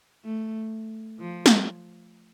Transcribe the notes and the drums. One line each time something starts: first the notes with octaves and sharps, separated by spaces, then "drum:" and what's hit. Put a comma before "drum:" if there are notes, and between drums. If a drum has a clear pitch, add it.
A3
F3
drum: snare